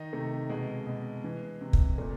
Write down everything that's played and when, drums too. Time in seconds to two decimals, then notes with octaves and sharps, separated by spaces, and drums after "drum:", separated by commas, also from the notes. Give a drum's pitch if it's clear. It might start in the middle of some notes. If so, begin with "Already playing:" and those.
Already playing: D#3 D#4
0.13 C3 A3
0.49 B2 G#3
0.87 B2
1.24 E3
1.61 C3
1.73 drum: kick
1.98 A#2 A3